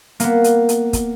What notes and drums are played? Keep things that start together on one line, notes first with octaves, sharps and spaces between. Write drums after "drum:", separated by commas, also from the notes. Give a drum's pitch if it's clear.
A#3 B3, drum: hi-hat
drum: hi-hat
drum: hi-hat
drum: kick, hi-hat